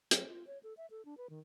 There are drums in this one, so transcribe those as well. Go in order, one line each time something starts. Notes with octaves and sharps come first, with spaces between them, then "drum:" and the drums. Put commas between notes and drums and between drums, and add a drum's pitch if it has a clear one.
F#3, drum: hi-hat
F4
C#5
A4
E5
A4
D4
B4
D#3